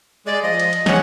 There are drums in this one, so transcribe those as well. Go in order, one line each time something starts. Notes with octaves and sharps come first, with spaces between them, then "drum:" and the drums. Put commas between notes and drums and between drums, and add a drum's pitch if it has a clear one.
G#3 D5
F3 D#5
drum: cymbal
drum: cymbal
C#3 G#3 C#4 F#5, drum: snare